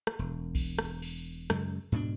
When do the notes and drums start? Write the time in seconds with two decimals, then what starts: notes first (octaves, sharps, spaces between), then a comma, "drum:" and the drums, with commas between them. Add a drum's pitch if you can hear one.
0.07 drum: rim click
0.19 E1
0.55 drum: kick B1, cymbal
0.79 drum: rim click
1.02 drum: cymbal
1.50 F#2 C#3 G#3, drum: rim click
1.92 G#2 B2 B3 D4